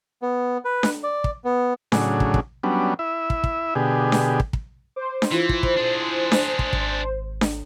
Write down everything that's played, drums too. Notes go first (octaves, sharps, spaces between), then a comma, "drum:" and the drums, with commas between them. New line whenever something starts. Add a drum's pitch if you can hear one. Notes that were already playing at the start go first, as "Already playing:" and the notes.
B3
B4
drum: snare D4
D5
drum: kick
B3
A2 C#3 F#3 D4 G#4, drum: snare D4
drum: kick
drum: kick
F#3 G3 B3 C#4 D4
E4 E5
drum: kick
drum: kick
B2 D3 G4 G#4
drum: snare D4
drum: kick
drum: kick
C5 D6
drum: snare D4
E3 E4 F4
drum: kick
drum: kick
D4 G#4
drum: snare D4
drum: kick
G#1, drum: kick
drum: snare D4